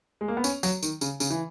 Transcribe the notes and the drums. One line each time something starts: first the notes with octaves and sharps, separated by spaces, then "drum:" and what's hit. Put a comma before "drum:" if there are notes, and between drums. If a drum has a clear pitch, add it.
G#3
A#3
B3
C#4, drum: tambourine
F#3, drum: tambourine
D#3, drum: tambourine
C#3, drum: tambourine
C#3, drum: tambourine
E3